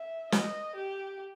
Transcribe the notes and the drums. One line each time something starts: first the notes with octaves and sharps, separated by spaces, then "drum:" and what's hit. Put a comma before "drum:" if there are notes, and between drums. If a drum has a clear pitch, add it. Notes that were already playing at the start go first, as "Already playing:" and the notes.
Already playing: E5
D#5, drum: snare
G4